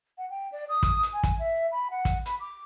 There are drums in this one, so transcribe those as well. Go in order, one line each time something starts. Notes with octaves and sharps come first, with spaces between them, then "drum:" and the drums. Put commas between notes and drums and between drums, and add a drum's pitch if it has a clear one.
F#5
G5
D5
D#6
drum: kick, hi-hat
drum: hi-hat
G#5
drum: kick, hi-hat
E5
B5
F#5
drum: kick, hi-hat
B5, drum: hi-hat
D6